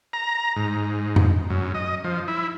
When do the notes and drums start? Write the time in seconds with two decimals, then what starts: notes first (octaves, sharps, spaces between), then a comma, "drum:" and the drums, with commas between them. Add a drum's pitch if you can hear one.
0.13 A#5
0.56 G#2
1.16 drum: tom F2
1.50 F#2
1.74 D#5
2.04 F3
2.28 E4